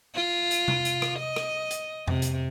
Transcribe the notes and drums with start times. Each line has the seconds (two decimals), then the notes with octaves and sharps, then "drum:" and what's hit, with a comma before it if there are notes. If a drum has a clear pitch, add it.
0.15 F4
0.51 drum: hi-hat
0.68 drum: tom C3
0.85 drum: hi-hat
1.02 drum: rim click
1.19 D#5
1.36 drum: rim click
1.71 drum: hi-hat
2.07 C3, drum: tom F2
2.22 drum: hi-hat